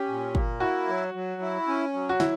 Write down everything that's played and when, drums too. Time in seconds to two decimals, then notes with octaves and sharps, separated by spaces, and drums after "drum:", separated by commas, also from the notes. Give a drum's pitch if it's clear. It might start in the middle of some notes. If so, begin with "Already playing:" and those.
Already playing: C#4 G4
0.08 A#2
0.35 A#3, drum: kick
0.60 E4 F#4
0.88 F#3
1.14 F#3
1.41 E4
1.68 C#4
1.93 F#3
2.09 F#4
2.20 E4, drum: snare